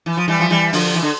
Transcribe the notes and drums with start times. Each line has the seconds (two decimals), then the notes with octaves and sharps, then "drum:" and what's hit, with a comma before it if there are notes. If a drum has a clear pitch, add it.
0.06 E3
0.17 F3
0.28 E3 G3
0.40 F3
0.50 E3 G3
0.73 D3 F3, drum: open hi-hat
0.96 E3
1.03 D3